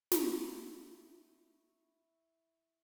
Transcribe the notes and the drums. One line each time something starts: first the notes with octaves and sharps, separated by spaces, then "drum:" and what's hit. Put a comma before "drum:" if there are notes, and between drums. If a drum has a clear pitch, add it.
E4 B5 C#6, drum: snare